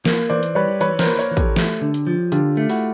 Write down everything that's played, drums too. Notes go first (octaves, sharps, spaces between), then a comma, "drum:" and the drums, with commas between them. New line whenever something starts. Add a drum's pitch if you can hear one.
A#3, drum: snare
E3 C5 D5
drum: hi-hat
G3 B4 C#5
E3 B4 C#5, drum: hi-hat
A#4 C5, drum: snare
A#3
B4 C#5, drum: open hi-hat
E3
G4 A4, drum: kick, hi-hat
A3, drum: snare
D3
drum: hi-hat
F3
D3 F4 G4, drum: hi-hat
A3
E4 F#4, drum: open hi-hat